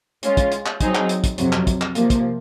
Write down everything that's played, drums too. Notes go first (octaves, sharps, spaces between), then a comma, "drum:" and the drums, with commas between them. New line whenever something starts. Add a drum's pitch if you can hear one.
G#3 C#4 F4, drum: hi-hat
drum: kick, hi-hat
drum: hi-hat
drum: clap
F#3 C4 D#4 G#4, drum: kick, hi-hat
drum: clap
drum: hi-hat
drum: kick, hi-hat
F2 C3 F#3, drum: hi-hat
drum: clap
drum: kick, hi-hat
drum: clap
C3 F3 A#3, drum: hi-hat
drum: kick, hi-hat